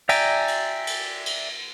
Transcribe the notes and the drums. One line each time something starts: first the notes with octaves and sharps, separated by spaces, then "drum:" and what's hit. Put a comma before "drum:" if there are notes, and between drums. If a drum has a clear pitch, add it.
D5 E5 G5 G#5 A#5, drum: cymbal
drum: cymbal
drum: cymbal
drum: cymbal